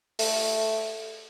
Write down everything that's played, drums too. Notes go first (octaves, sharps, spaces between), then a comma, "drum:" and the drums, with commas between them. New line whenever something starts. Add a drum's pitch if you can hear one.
A3, drum: open hi-hat